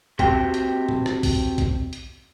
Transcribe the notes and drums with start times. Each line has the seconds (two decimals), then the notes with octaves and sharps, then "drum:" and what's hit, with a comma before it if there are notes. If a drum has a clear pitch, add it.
0.19 C4 F#4 G4 G5, drum: kick, hi-hat
0.54 drum: hi-hat
0.89 drum: tom
1.06 drum: rim click
1.23 drum: kick, open hi-hat
1.58 drum: kick, hi-hat
1.93 drum: hi-hat